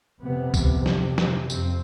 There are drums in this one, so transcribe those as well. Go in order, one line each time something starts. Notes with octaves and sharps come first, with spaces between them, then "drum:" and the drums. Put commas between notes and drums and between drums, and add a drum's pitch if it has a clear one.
F2 C3 B3
drum: kick C2, tambourine
drum: snare
drum: snare
F2 C4, drum: tambourine